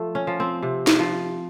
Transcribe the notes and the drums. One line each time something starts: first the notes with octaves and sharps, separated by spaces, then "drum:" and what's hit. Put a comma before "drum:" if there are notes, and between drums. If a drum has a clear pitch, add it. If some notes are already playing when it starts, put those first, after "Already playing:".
Already playing: F3 A3
C#4
F3
C4
C3
drum: snare
F3